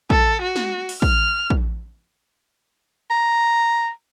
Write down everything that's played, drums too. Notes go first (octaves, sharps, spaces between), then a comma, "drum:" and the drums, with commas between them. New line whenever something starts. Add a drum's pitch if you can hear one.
A4, drum: kick
F#4
drum: snare
drum: open hi-hat
F6, drum: kick
drum: kick
A#5